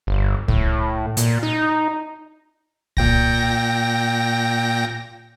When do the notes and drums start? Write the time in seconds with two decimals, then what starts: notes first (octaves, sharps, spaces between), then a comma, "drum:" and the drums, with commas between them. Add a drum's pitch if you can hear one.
0.07 G1
0.48 A2, drum: kick C2
1.17 A#2, drum: hi-hat
1.43 D#4
2.97 A#2 G5 A#6, drum: kick C2